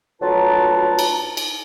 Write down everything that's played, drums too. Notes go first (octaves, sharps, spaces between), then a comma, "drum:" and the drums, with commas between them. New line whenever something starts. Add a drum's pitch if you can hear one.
D2 F#3 F4 B4 A5 A#5
drum: cymbal
drum: cymbal